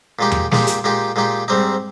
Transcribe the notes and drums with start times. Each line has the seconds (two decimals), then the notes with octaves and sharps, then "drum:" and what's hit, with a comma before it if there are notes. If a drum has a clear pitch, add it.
0.19 A#2 G#3 D#4 G4
0.31 drum: tom E2
0.52 A#2 G#3 D#4 G4, drum: snare
0.67 drum: hi-hat
0.84 A#2 G#3 D#4 G4
1.16 A#2 G#3 D#4 G4
1.48 G#2 G3 C4 D#4